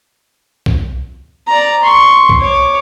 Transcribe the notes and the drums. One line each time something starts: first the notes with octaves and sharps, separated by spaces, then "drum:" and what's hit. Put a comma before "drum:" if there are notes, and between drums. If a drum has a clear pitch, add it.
drum: kick B1
D5 A#5
C6 C#6
drum: kick B1
C#5 D6